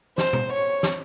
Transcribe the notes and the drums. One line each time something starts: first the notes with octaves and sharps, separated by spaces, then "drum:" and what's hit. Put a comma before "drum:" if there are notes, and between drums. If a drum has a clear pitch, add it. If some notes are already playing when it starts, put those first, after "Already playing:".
C5, drum: snare
drum: tom
C#5
drum: snare